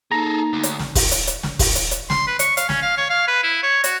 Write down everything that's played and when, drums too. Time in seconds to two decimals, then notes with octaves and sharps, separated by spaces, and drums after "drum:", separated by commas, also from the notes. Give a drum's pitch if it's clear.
0.12 A#3 D#4 G#4 A4 A#5
0.53 D2
0.63 drum: hi-hat
0.79 drum: snare
0.95 drum: kick, open hi-hat
1.11 drum: hi-hat
1.27 drum: hi-hat
1.43 drum: snare
1.59 drum: kick, open hi-hat
1.75 drum: hi-hat
1.91 drum: hi-hat
2.10 C6, drum: snare
2.27 B4
2.39 C#6, drum: hi-hat
2.57 F5, drum: hi-hat
2.69 C#4, drum: snare
2.82 F5
2.98 C#5
3.10 F5
3.28 B4
3.43 E4
3.63 C#5
3.84 F#4, drum: hi-hat